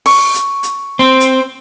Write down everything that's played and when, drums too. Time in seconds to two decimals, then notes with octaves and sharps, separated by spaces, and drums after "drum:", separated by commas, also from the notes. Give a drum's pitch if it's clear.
0.06 C#6, drum: open hi-hat
0.34 drum: hi-hat
0.63 drum: hi-hat
0.99 C4 C5
1.20 drum: hi-hat